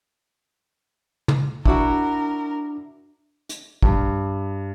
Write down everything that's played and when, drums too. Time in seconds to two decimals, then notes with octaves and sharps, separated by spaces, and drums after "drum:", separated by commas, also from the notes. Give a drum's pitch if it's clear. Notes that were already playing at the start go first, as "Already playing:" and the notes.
1.28 drum: tom
1.66 D4 E4 F#4 A#4 F#5 D6, drum: kick
3.49 drum: hi-hat
3.83 G2, drum: kick